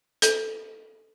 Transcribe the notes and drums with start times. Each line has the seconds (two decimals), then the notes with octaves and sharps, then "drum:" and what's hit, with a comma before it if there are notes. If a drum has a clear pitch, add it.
0.22 A4, drum: hi-hat